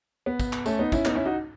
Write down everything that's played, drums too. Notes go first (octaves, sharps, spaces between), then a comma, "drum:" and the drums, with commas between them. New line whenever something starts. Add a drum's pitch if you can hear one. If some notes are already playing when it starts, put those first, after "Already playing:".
B3
drum: kick, tambourine
drum: clap
A3 C#4, drum: tambourine
B3 D#4
C#4 E4, drum: kick, tambourine
B3 D#4, drum: clap
C#4 E4
D#4 F#4